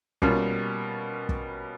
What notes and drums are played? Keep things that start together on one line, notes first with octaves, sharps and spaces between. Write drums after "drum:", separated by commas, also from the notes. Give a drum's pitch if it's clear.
B2 G3 A#3 C#4 F4, drum: kick
drum: kick